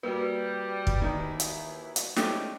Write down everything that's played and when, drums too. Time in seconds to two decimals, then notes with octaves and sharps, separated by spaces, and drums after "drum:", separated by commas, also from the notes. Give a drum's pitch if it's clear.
0.03 G3 A#3 F#4 B4
0.87 drum: kick
1.02 D#2 D#3 E3 E4
1.40 drum: hi-hat
1.96 drum: hi-hat
2.16 F2 A#2 G#3 A3 C#4 G4, drum: snare